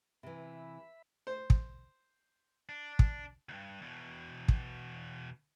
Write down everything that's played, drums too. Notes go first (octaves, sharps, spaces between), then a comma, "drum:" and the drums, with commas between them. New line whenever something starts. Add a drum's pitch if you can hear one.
C3 E3 E5 B5
C5
drum: kick
D4
drum: kick
D2 G2
E2 B2
drum: kick